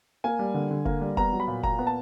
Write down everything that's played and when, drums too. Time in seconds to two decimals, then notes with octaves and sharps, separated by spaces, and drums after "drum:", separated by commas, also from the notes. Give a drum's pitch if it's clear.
0.24 A#3 G#5
0.39 G3
0.54 D3
0.71 D3
0.85 A#3, drum: kick F1
1.01 G3
1.17 B3 A#5, drum: kick F1
1.33 F#3
1.40 B5
1.48 A#2
1.63 A#2 A#5, drum: kick F1
1.79 B3
1.87 A5